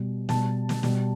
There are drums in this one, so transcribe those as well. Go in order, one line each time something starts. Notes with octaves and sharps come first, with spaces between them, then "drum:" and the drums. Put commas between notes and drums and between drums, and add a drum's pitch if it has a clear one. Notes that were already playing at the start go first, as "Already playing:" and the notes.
Already playing: B2 G3
B2 A5, drum: snare
G3
drum: snare
B2 G3, drum: snare